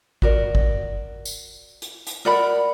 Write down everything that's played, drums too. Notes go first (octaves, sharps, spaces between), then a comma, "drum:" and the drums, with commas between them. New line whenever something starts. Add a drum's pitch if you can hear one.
F#4 A#4 D5, drum: kick G#1
drum: kick G#1
drum: tambourine
drum: hi-hat
drum: hi-hat
A#4 D5 F#5 B5